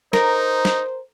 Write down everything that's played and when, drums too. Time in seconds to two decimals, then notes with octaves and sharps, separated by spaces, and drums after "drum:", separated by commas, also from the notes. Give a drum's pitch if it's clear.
0.13 D#4 A#4 C5, drum: snare
0.65 drum: snare